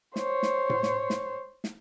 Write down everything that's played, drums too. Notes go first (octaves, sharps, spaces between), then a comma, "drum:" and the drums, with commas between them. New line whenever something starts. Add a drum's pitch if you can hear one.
C5 C#5, drum: snare
drum: snare
drum: tom A2
drum: snare
drum: snare
drum: snare